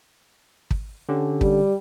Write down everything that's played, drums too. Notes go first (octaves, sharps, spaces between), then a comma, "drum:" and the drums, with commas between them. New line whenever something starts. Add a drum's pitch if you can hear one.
drum: kick
D3 C#4 G4
G3, drum: kick